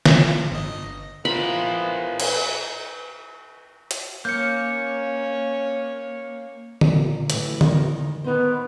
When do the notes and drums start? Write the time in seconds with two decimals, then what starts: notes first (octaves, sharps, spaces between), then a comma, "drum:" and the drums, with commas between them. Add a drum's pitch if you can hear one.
0.05 A2 C#3 F3, drum: snare
0.51 G1 D#5
1.25 E3 G#3 B3 F4 A#4 C5 B5
2.20 drum: cymbal
3.91 drum: hi-hat
4.25 A#3 C#4 C#5 G6 C#7
6.81 A#2, drum: tom D3
7.30 F#2 A2 E3, drum: hi-hat
7.61 E2 D#4 A#4, drum: tom D3
8.24 D#3 B3 D#4 C5